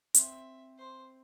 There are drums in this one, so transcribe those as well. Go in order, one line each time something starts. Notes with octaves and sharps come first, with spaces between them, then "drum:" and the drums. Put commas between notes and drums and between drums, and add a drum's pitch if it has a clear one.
C4 E5, drum: hi-hat
C5